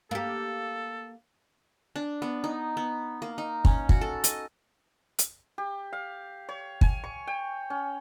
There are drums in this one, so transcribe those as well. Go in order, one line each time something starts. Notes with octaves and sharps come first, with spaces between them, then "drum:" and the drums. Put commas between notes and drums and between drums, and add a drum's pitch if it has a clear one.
A#3 G4 A4
D4
B3
D#4
B3
A#3
D#4
C#4, drum: kick
F#4, drum: kick
A4
D#5, drum: hi-hat
drum: hi-hat
G4
F5
C#5
G#5, drum: kick
C#6
G5
C#4